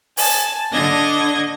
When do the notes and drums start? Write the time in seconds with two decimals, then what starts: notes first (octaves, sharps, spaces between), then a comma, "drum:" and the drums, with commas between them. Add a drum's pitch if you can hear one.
0.17 G#5 A5, drum: open hi-hat
0.73 D3 D4 D#5 G#6 A#6